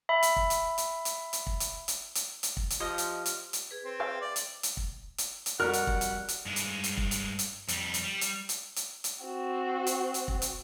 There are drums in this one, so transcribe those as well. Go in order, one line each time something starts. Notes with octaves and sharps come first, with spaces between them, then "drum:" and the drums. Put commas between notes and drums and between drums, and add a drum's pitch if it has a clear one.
E5 B5
drum: hi-hat
drum: kick
drum: hi-hat
drum: hi-hat
drum: hi-hat
drum: hi-hat
drum: kick
drum: hi-hat
drum: hi-hat
drum: hi-hat
drum: hi-hat
drum: kick
drum: hi-hat
F3 F4 G4 D#5 F6
drum: hi-hat
drum: hi-hat
drum: hi-hat
G#4 B4
C4
E5 F5 G5
D5
drum: hi-hat
drum: hi-hat
drum: kick
drum: hi-hat
drum: hi-hat
F2 G3 F#4 A#4 F#5 F6
drum: hi-hat
drum: kick
drum: hi-hat
drum: hi-hat
G2 G#3
drum: hi-hat
drum: hi-hat
drum: kick
drum: hi-hat
drum: hi-hat
F2 G3, drum: hi-hat
drum: hi-hat
G3
drum: hi-hat
drum: hi-hat
drum: hi-hat
drum: hi-hat
C4 F#4
drum: hi-hat
drum: hi-hat
drum: kick
drum: hi-hat